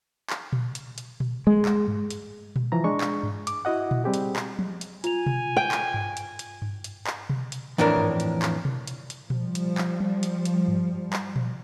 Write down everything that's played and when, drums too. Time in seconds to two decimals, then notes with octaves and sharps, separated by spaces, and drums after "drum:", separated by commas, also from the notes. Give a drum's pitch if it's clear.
0.30 drum: clap
0.53 drum: tom A#2
0.75 drum: hi-hat
0.98 drum: hi-hat
1.20 drum: tom A#2
1.47 G#3
1.65 drum: clap
1.88 drum: tom G2
2.11 drum: hi-hat
2.56 drum: tom A#2
2.72 E3 F3 A#5
2.84 G#3 D4 C#6
3.01 drum: clap
3.23 drum: tom G2
3.47 D6, drum: hi-hat
3.65 E4 F#4 D#5 F#5
3.91 drum: tom A#2
4.04 G3 C4 G4 G#4
4.14 drum: hi-hat
4.36 drum: clap
4.59 drum: tom F3
4.81 drum: hi-hat
5.04 F4 G#5 F7, drum: hi-hat
5.26 drum: tom B2
5.57 G5
5.72 drum: clap
5.94 drum: tom G2
6.17 drum: hi-hat
6.39 drum: hi-hat
6.62 drum: tom G2
6.84 drum: hi-hat
7.07 drum: clap
7.30 drum: tom B2
7.52 drum: hi-hat
7.78 F2 A2 E3 D4 A#4
7.97 drum: tom G2
8.20 drum: hi-hat
8.42 drum: clap
8.65 drum: tom B2
8.87 drum: hi-hat
9.10 drum: hi-hat
9.30 F3 G3, drum: tom A#2
9.55 drum: hi-hat
9.78 drum: clap
10.00 drum: tom F3
10.23 drum: hi-hat
10.45 drum: hi-hat
10.68 drum: tom G2
11.13 drum: clap
11.36 drum: tom A#2